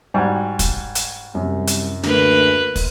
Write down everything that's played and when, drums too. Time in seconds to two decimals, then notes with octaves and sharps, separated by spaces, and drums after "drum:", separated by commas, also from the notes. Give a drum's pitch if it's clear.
0.14 G#2 F#3 G3 G#5
0.59 drum: kick, hi-hat
0.95 drum: hi-hat
1.35 C2 F#2
1.67 drum: hi-hat
2.03 D2 A#3 B4, drum: snare
2.76 drum: kick, open hi-hat